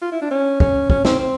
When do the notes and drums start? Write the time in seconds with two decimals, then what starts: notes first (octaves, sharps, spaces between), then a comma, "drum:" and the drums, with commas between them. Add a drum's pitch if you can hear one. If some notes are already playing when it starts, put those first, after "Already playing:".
0.02 F4
0.12 E4
0.22 D4
0.31 C#4
0.60 C#4, drum: kick
0.90 C#4, drum: kick
1.05 C4, drum: snare
1.19 C4